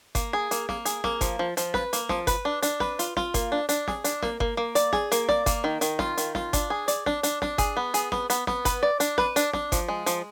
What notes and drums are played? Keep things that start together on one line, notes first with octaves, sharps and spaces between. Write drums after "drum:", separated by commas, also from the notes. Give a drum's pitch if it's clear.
A#3, drum: kick G1, hi-hat
G#4
A#3, drum: hi-hat
A#3, drum: snare
G#4, drum: hi-hat
A#3, drum: snare
F3, drum: kick G1, hi-hat
F3
F3, drum: hi-hat
B4, drum: snare
A#3, drum: hi-hat
F3, drum: snare
B4, drum: kick G1, hi-hat
D4
D4, drum: hi-hat
B4, drum: snare
F4, drum: hi-hat
F4, drum: snare
A#3, drum: kick G1, hi-hat
D4
D4, drum: hi-hat
G#4, drum: snare
D4, drum: hi-hat
A#3, drum: snare
A#3, drum: kick G1
A#3
D5, drum: hi-hat
G#4, drum: snare
A#3, drum: hi-hat
D5, drum: snare
A#3, drum: kick G1, hi-hat
D#3
D#3, drum: hi-hat
F4, drum: snare
D#3, drum: hi-hat
F4, drum: snare
D4, drum: kick G1, hi-hat
G#4
D5, drum: hi-hat
D4, drum: snare
D4, drum: hi-hat
D4, drum: snare
G#4, drum: kick G1, hi-hat
B3
G#4, drum: hi-hat
B3, drum: snare
B3, drum: hi-hat
B3, drum: snare
B4, drum: kick G1, hi-hat
D5
D4, drum: hi-hat
B4, drum: snare
D4, drum: hi-hat
D4, drum: snare
F3, drum: kick G1, hi-hat
G#3
F3, drum: hi-hat